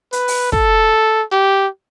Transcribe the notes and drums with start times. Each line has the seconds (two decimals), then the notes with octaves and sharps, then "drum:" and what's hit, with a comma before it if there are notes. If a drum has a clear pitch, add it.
0.13 B4, drum: hi-hat
0.28 drum: open hi-hat
0.52 A4, drum: kick
1.32 G4